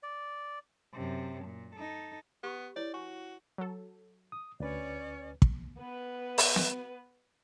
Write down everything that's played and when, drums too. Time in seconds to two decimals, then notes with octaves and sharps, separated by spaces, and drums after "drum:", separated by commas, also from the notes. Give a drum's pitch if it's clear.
0.03 D5
0.94 F#2 C3
1.46 A#2
1.76 D#4 A4
2.43 B3 G4 B5 C#6
2.76 E4 B4 C#5 D5
2.94 F#4 G#5 C#6
3.58 F#3 A4
4.32 D#6
4.60 D2 C#4 B4 C#5 D5
5.42 drum: kick
5.79 B3 B4
6.38 drum: open hi-hat
6.56 drum: snare